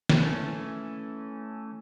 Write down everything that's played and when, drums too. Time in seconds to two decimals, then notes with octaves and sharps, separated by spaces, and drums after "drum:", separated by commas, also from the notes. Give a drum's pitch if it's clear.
0.09 drum: snare
0.20 E3 A3 C#4